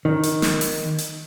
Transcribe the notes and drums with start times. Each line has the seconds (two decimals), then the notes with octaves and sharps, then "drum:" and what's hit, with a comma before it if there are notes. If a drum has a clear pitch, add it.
0.05 D#3
0.23 drum: hi-hat
0.42 drum: snare
0.61 drum: open hi-hat
0.98 drum: hi-hat